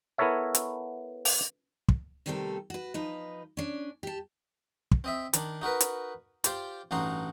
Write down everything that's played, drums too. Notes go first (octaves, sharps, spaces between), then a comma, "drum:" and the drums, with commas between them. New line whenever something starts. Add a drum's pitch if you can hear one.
B3 E4 A4 A#4 C#5 E5
drum: hi-hat
drum: open hi-hat
drum: kick
C3 D#3 G3 A3 C4 A4
F#4 B4
F3 D#4 B4
C#4 D4
G4 A5
drum: kick
C4 D#5 E5
D#3 D4, drum: hi-hat
D#4 F#4 A#4 B4
drum: hi-hat
F4 G4 C5 D5, drum: hi-hat
A1 G2 D#4 F#4 A#5 C6